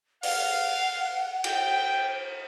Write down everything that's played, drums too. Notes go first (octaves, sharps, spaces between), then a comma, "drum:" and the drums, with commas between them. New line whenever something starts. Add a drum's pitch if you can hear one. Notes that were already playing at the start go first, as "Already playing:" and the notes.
F5 F#5, drum: open hi-hat
G5, drum: cymbal